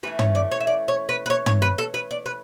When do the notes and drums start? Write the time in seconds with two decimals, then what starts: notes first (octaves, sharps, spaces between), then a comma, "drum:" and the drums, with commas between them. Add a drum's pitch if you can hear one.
0.03 E3 A3 C#4 B4
0.19 C#5, drum: tom
0.35 D5
0.51 C#5
0.60 E5
0.67 D5
0.88 C#5
1.09 B4
1.26 B4
1.30 C#5
1.46 C#5, drum: tom
1.62 B4
1.78 A4
1.94 B4
2.11 D5
2.26 B4